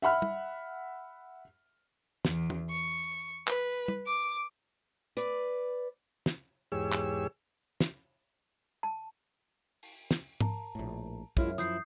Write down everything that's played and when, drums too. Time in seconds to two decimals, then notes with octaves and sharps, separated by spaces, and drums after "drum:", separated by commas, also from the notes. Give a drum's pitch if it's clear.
0.02 E5 F#5 B5 F6
0.22 drum: tom
2.25 E2, drum: snare
2.50 drum: tom E3
2.70 C#6
3.47 B4, drum: clap
3.88 drum: tom
4.06 D6
5.17 B4 D5, drum: hi-hat
6.26 drum: snare
6.72 E2 G#2 G4 G#4 C#5 E6
6.92 drum: clap
7.80 drum: snare
8.83 A5
9.83 drum: open hi-hat
10.11 drum: snare
10.41 A#4 A5 A#5, drum: tom G#2
10.75 A#1 A2
11.37 F#2 G#3 E4 F4 A#4 C#5 F6, drum: kick
11.58 F3 E4 D#6 G6 C7, drum: hi-hat